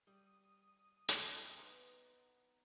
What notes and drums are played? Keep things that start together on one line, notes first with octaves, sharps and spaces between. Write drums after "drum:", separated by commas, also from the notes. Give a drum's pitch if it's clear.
G3 D#6
drum: hi-hat
B3 D#4 G#5 A#5 C6